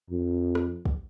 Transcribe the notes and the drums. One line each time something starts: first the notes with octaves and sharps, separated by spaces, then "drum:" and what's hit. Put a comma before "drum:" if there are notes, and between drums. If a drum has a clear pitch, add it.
F2
drum: rim click
drum: kick